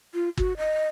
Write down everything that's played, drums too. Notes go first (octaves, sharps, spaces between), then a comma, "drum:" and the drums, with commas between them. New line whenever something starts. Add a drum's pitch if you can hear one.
F4
F#4, drum: kick
D#5